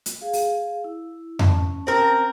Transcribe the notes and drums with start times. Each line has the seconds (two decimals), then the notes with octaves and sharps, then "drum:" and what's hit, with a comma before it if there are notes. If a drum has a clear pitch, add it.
0.06 drum: hi-hat
0.21 G#4 F5
0.33 drum: open hi-hat
0.84 E4
1.39 C#4 A5, drum: tom F2
1.87 C4 A#4